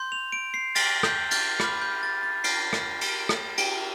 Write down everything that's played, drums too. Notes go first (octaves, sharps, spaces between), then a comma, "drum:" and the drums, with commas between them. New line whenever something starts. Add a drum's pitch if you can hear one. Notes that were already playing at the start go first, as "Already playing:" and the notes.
Already playing: C6 G6
F7
D7
C7
A6, drum: cymbal
G6, drum: rim click
A6, drum: cymbal
B5 D6 F6, drum: rim click
G6
A6
A6
C7, drum: cymbal
drum: rim click
drum: cymbal
drum: rim click
drum: cymbal